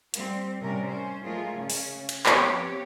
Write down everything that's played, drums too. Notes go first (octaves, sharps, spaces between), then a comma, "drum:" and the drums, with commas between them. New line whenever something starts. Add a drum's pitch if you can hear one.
G3 C4, drum: hi-hat
A2 C3 G3 C#4 A#4
C#4 C5
F#3 G#3 A3 F4 G#4 A#4
C#3 C#4
drum: open hi-hat
drum: cymbal
F3 B3 C4 G4 C#5, drum: clap